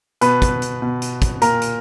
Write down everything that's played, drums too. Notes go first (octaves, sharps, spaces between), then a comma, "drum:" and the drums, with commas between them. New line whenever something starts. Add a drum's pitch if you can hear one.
B2 B4 B5, drum: hi-hat
drum: kick, hi-hat
drum: hi-hat
B2
drum: hi-hat
drum: kick, hi-hat
A#2 A#4 A#5, drum: hi-hat
drum: hi-hat